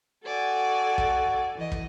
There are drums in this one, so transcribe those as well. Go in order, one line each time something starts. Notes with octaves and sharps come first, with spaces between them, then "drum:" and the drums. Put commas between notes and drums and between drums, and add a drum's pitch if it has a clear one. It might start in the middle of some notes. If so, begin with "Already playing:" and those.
F#4 A4 D5 G#5
drum: kick
E3 D#5
drum: kick